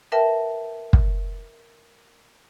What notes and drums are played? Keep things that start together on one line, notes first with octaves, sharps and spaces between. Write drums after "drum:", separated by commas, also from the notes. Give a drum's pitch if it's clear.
A#4 B4 E5 G5 A5
drum: kick